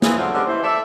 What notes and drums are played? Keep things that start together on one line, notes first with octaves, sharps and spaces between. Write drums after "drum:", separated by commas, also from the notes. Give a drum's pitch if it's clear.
E3 F3 C4 G#4, drum: snare
D3 F#3 F4 C5
D3 G3 G#3 C4 C#4
E3 C5
A4 D5 E5